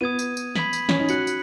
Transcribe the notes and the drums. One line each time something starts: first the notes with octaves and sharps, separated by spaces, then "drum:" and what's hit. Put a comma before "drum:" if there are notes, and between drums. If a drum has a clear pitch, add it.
B3 D#6 G#6 D#7
drum: tambourine
drum: tambourine
B5 G#6 B6 F#7, drum: snare
drum: tambourine
C#4, drum: snare
D#4
F#4 F#6 C#7 F#7, drum: tambourine
drum: tambourine